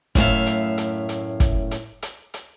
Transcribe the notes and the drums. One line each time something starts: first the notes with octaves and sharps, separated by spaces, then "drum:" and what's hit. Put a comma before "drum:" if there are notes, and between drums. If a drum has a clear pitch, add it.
F#2 A2 E5 F5, drum: kick, hi-hat
drum: hi-hat
drum: hi-hat
drum: hi-hat
drum: kick, hi-hat
drum: hi-hat
drum: hi-hat
drum: hi-hat